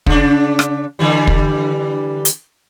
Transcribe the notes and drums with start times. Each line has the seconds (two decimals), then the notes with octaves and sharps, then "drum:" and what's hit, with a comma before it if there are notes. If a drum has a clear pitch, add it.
0.06 C#3 D4, drum: kick
0.59 drum: rim click
0.99 D3 E3 G3
1.27 drum: kick
2.25 drum: hi-hat